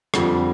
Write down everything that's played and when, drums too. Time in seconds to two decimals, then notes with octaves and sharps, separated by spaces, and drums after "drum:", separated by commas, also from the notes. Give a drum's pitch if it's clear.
0.14 F2 D3 G3, drum: rim click